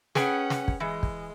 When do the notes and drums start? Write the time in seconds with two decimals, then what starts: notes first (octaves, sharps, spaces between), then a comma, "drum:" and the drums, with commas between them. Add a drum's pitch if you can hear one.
0.15 C#4 G#4 B4 F#5 G5, drum: snare
0.50 drum: snare
0.68 drum: kick
0.80 E3 G#3
1.03 drum: kick